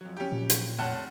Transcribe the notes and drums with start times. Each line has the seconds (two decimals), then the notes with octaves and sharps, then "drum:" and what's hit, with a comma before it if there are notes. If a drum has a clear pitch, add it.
0.01 F2 F#3
0.17 C#4 G4
0.32 A#2
0.50 drum: hi-hat
0.79 F1 C#5 F#5 G5 A5